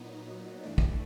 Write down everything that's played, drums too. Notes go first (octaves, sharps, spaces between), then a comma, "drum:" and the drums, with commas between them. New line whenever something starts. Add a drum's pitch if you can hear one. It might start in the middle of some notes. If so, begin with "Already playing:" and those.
Already playing: A#2 F#3 B3 D#4
G2 E3 A3 D4
drum: kick